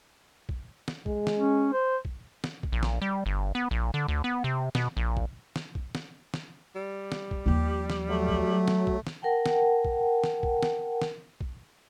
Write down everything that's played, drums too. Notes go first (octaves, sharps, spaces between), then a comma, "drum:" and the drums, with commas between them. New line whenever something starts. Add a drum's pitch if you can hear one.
drum: kick
drum: snare
G#3, drum: kick
drum: snare
C#4
C5
drum: kick
drum: snare
drum: kick
A#1
drum: snare
G3
G1
B3
A#1
D3
D2
B3
C3
B2, drum: snare
A#1
drum: kick
drum: snare
drum: kick
drum: snare
drum: snare
G3
drum: snare
drum: kick
D#2 F3 G4
drum: snare
F#3 A3
drum: kick
drum: snare
drum: kick
drum: snare
A#4 F#5 G5 A5
drum: snare
drum: kick
drum: snare
drum: kick
drum: snare
drum: snare
drum: kick